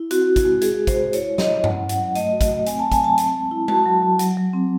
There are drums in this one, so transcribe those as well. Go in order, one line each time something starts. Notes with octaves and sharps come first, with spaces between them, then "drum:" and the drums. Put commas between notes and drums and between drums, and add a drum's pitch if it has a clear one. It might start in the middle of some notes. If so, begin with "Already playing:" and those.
Already playing: E4
C4 F#4, drum: hi-hat
C4
F#4, drum: kick, hi-hat
G#3
F#4 G#4, drum: hi-hat
G#3
C5, drum: kick, hi-hat
F#4
E4 C#5, drum: hi-hat
G#3
D#5, drum: snare
E4
C#4 F#5, drum: tom G2
F#3
F#5, drum: hi-hat
F#3
A3 D#5, drum: hi-hat
F#4
drum: kick, hi-hat
A3
C4 G#5, drum: hi-hat
A5
F#3
G#5, drum: kick, hi-hat
F#3 A5
C4, drum: hi-hat
G#3
E4
F#4 A5, drum: tom G#3
F#3
F#3
F#3, drum: hi-hat
F#3
C4